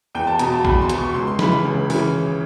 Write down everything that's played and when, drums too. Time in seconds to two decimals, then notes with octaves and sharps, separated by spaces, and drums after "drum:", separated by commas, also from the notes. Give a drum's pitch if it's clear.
0.15 E2 G5
0.27 A5
0.39 B2 A#5, drum: hi-hat
0.52 A5
0.65 E2 B5, drum: kick
0.81 C6
0.89 B2, drum: hi-hat
0.98 C#6
1.14 C#2 C6
1.27 C6
1.39 C#3 E3 B5, drum: snare
1.52 B5
1.65 C#2
1.90 C#3 E3, drum: open hi-hat